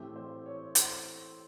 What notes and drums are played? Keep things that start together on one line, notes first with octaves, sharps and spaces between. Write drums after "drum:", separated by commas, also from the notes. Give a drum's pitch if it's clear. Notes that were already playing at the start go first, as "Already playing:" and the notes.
Already playing: A2 E3 A3 C4 G4
C5
C#5
C5, drum: hi-hat